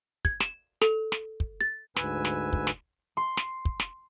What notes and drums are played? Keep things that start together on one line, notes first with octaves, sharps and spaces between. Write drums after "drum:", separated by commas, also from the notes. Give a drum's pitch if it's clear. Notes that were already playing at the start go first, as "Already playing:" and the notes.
G#6, drum: kick
E7, drum: snare
A4, drum: snare
drum: snare
drum: kick
A6
D2 G#2 B4 G#5 E6, drum: snare
drum: snare
drum: kick
drum: snare
C6
drum: snare
drum: kick
drum: snare